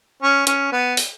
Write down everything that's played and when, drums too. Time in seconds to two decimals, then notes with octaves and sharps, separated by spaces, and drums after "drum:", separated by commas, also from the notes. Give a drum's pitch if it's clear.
0.22 C#4
0.47 C#4, drum: hi-hat
0.72 B3
0.97 drum: open hi-hat